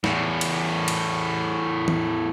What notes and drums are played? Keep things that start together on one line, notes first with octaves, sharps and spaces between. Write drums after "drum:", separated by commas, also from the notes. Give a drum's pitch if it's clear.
E2 A2, drum: snare
drum: cymbal
drum: cymbal
drum: tom E3